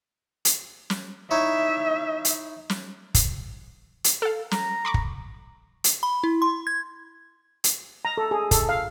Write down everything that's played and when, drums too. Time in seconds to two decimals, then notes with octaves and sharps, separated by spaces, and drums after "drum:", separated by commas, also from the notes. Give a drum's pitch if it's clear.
0.45 drum: hi-hat
0.90 drum: snare
1.31 D#4 E4 C#5 E5
2.25 drum: hi-hat
2.70 drum: snare
3.14 drum: kick, hi-hat
4.04 drum: hi-hat
4.22 A4 F5
4.51 A#5, drum: snare
4.85 B5 C#6 D6
4.94 drum: kick
5.84 drum: hi-hat
6.03 B5
6.24 E4
6.42 C6
6.67 G#6
7.64 drum: hi-hat
8.05 A#5
8.17 A4
8.31 G#4
8.51 A4, drum: kick, hi-hat
8.69 F5